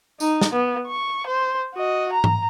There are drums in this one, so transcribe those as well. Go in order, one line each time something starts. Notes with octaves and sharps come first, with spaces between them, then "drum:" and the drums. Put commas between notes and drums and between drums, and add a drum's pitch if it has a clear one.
D#4, drum: tambourine
drum: snare
B3
C#6
C5
F#4 D#5
A#5
drum: tom G#2